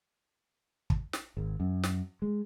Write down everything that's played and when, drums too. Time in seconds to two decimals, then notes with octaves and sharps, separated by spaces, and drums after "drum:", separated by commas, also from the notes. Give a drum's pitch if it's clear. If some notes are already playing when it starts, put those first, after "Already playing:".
0.90 drum: kick
1.13 drum: snare
1.37 G#1
1.60 F#2
1.83 drum: snare
2.22 G#3